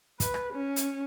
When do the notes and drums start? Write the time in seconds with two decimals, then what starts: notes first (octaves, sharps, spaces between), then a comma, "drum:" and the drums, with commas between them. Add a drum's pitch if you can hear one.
0.20 B4, drum: kick, hi-hat
0.34 drum: rim click
0.53 C#4
0.76 drum: hi-hat